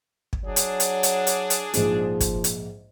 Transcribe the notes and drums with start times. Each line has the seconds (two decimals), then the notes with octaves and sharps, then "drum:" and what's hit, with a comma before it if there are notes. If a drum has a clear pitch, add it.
0.33 drum: kick
0.45 F#3 D4 G#4
0.56 drum: hi-hat
0.80 drum: hi-hat
1.03 drum: hi-hat
1.27 drum: hi-hat
1.50 drum: hi-hat
1.74 A#1 G#2 F3 G#3, drum: hi-hat
2.20 drum: kick, hi-hat
2.44 drum: hi-hat